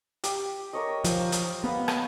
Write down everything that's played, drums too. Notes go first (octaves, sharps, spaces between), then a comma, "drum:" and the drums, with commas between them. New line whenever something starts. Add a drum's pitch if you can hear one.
G4, drum: hi-hat
A#4 C#5 D#5
F3, drum: hi-hat
drum: hi-hat
B3 B4 F5 F#5
drum: rim click